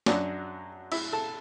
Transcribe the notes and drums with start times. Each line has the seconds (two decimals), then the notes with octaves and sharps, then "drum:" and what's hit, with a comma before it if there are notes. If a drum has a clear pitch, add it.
0.06 F#2 F#3 D4 D5, drum: snare
0.92 E4 E5, drum: cymbal
1.13 A4 A5